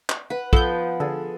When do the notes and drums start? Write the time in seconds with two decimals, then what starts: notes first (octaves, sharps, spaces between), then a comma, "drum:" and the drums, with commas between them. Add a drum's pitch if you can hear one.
0.10 drum: clap
0.30 B4 F#5 B5
0.53 F3 B3 A4 G6, drum: kick
1.00 D3 G#4 A4